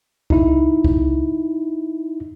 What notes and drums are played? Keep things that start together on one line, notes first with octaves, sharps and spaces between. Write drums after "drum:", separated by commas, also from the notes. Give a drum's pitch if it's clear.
D#4 E4, drum: kick C2
drum: kick C2